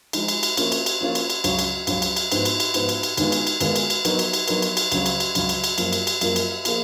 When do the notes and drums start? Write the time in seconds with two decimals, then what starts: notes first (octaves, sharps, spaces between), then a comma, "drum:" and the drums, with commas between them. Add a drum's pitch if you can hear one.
0.13 F3 G#3 D#4, drum: cymbal
0.28 drum: cymbal
0.43 drum: cymbal
0.57 F3 A#3 C#4 F4, drum: cymbal
0.72 drum: cymbal
0.86 drum: cymbal
1.01 F3 A#3 C#4 F4
1.15 drum: cymbal
1.30 drum: cymbal
1.44 C#2 C#3 F#3 C#4, drum: cymbal
1.59 drum: cymbal
1.87 C#2 C#3 F#3 C#4, drum: cymbal
2.02 drum: cymbal
2.16 drum: cymbal
2.32 G#2 F3 B3, drum: cymbal
2.45 drum: cymbal
2.60 drum: cymbal
2.74 G#2 F3 B3, drum: cymbal
2.89 drum: cymbal
3.03 drum: cymbal
3.18 D#2 D#3 G#3 B3 F4, drum: cymbal
3.32 drum: cymbal
3.47 drum: cymbal
3.61 D#2 D#3 G#3 B3 F4, drum: cymbal
3.76 drum: cymbal
3.90 drum: cymbal
4.05 F#3 B3 D#4 A#4, drum: cymbal
4.19 drum: cymbal
4.33 drum: cymbal
4.48 F#3 B3 D#4 A#4, drum: cymbal
4.62 drum: cymbal
4.77 drum: cymbal
4.92 C#2 C#3 F#3, drum: cymbal
5.06 drum: cymbal
5.20 drum: cymbal
5.35 C#2 C#3 F#3, drum: cymbal
5.49 drum: cymbal
5.64 drum: cymbal
5.78 F#2 F3 A#3 F4 A#4, drum: cymbal
5.93 drum: cymbal
6.07 drum: cymbal
6.21 F#2 F3 A#3 F4 A#4, drum: cymbal
6.36 drum: cymbal
6.65 F3 A#3 F4 G#4, drum: cymbal